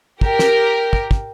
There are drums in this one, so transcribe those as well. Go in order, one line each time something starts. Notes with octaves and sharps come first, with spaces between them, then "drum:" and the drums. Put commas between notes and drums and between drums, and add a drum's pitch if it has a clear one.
G4 A#4, drum: kick
drum: snare
drum: kick
drum: kick